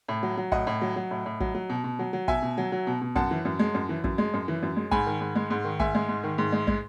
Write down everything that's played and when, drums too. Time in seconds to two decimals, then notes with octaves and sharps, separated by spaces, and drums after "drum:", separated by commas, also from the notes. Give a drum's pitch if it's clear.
0.08 A2
0.23 F#3
0.37 F#3
0.52 A2 D#5 F#5, drum: kick
0.67 A2
0.82 F#3
0.96 F#3
1.11 A2
1.26 A2
1.40 F#3, drum: kick
1.55 F#3
1.69 B2
1.84 B2
1.99 F#3
2.13 F#3
2.28 B2 E5 G#5, drum: kick
2.42 B2
2.58 F#3
2.72 F#3
2.87 B2
3.01 B2
3.15 F#2 F#5 A5, drum: kick
3.31 E3
3.45 F#2
3.59 G#3
3.74 F#2
3.89 E3
4.04 F#2, drum: kick
4.18 G#3
4.34 F#2
4.48 E3
4.63 F#2
4.76 G#3
4.91 G#2 G#5 B5, drum: kick
5.06 D#3
5.20 G#2
5.36 G#3
5.50 G#2
5.65 D#3
5.80 G#2 E5 G#5, drum: kick
5.95 G#3
6.09 G#2
6.24 D#3
6.38 G#2
6.52 G#3
6.67 G#3, drum: kick